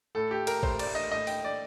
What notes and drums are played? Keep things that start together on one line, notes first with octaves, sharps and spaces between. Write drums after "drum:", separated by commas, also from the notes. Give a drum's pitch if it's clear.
A2 A4
G4
A#4, drum: cymbal
A2 C5, drum: kick A1
D5, drum: cymbal
D#5
A2 D#5
G5, drum: open hi-hat
D5